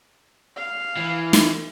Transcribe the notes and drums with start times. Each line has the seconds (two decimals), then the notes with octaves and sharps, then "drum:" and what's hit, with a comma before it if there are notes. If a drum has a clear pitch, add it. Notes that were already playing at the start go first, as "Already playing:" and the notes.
0.57 F5
0.97 E3
1.33 drum: snare